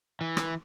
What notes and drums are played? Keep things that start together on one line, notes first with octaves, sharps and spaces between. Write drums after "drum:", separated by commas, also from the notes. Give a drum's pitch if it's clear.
E3
drum: rim click